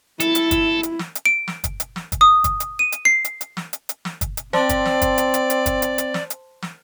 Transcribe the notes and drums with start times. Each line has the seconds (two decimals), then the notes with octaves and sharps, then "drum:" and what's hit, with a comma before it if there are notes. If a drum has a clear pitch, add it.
0.20 E4 A4, drum: hi-hat
0.35 drum: hi-hat
0.51 drum: kick, hi-hat
0.83 drum: hi-hat
0.99 drum: snare
1.15 drum: hi-hat
1.26 D7
1.48 drum: snare
1.64 drum: kick, hi-hat
1.80 drum: hi-hat
1.96 drum: snare
2.12 drum: kick, hi-hat
2.21 D#6
2.44 drum: kick, hi-hat
2.60 drum: hi-hat
2.79 D#7
2.92 drum: hi-hat
3.05 C7
3.25 drum: hi-hat
3.41 drum: hi-hat
3.57 drum: snare
3.73 drum: hi-hat
3.89 drum: hi-hat
4.05 drum: snare
4.21 drum: kick, hi-hat
4.37 drum: hi-hat
4.53 C4 C5 D5 A5 C6, drum: snare
4.69 drum: kick, hi-hat
4.85 drum: snare
5.02 drum: kick, hi-hat
5.18 drum: hi-hat
5.34 drum: hi-hat
5.50 drum: hi-hat
5.66 drum: kick, hi-hat
5.82 drum: hi-hat
5.98 drum: hi-hat
6.14 drum: snare
6.30 drum: hi-hat
6.62 drum: snare